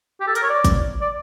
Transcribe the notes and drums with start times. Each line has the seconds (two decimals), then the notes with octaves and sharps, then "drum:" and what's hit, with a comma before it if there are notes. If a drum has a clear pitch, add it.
0.20 G4
0.27 A4
0.35 A#4, drum: hi-hat
0.43 C#5
0.49 D5
0.65 drum: kick, hi-hat
1.01 D5